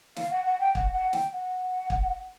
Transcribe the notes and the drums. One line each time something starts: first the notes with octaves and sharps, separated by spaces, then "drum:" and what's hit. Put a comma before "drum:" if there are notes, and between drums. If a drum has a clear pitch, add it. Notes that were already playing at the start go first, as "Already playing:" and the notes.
F5, drum: snare
F#5
F#5
G5
F#5, drum: kick
F#5
G5, drum: snare
F#5
drum: kick